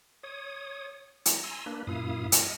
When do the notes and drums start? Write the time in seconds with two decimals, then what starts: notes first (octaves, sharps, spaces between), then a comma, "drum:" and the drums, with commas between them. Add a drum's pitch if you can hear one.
0.23 C#5 D#6
1.25 A#5, drum: hi-hat
1.43 G#5 A#5 C6 E6
1.66 A#3 D4 B4
1.87 F#2 A#2 E4 F5 D#6
2.32 D#5 F6, drum: hi-hat